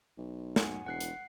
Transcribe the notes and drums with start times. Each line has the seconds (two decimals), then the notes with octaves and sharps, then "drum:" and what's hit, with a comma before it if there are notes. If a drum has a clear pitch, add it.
0.18 B1
0.56 F#5 G#5, drum: snare
0.86 E1 F#5 F#6 C7
1.01 drum: hi-hat